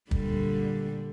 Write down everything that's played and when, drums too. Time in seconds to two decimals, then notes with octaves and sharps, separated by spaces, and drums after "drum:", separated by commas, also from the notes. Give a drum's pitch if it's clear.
0.11 A#2 D3 G3, drum: kick